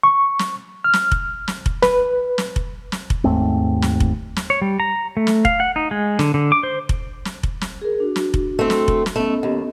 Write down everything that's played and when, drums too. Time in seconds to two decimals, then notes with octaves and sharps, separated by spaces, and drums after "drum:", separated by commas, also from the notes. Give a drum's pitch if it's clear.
0.03 C#6
0.39 drum: snare
0.84 F6
0.93 drum: snare
1.12 drum: kick F1
1.48 drum: snare
1.66 drum: kick F1
1.82 B4, drum: snare
2.38 drum: snare
2.56 drum: kick F1
2.92 drum: snare
3.10 drum: kick F1
3.24 D#2 G#2 A3 C4
3.82 drum: snare
4.00 drum: kick F1
4.36 drum: snare
4.50 C#5
4.62 G3
4.80 A#5
5.17 A3
5.27 drum: snare
5.45 F5, drum: kick F1
5.60 F#5
5.76 D#4
5.91 G#3
6.19 D3, drum: snare
6.34 D3
6.52 D6
6.63 C5
6.89 drum: kick F1
7.25 drum: snare
7.43 drum: kick F1
7.61 drum: snare
7.81 G#4 A#4
8.00 D4 F#4
8.16 drum: snare
8.34 drum: kick F1
8.59 A3 C4
8.70 drum: snare
8.88 drum: kick F1
9.06 drum: snare
9.16 A3 B3 C#4 D#5
9.43 D#2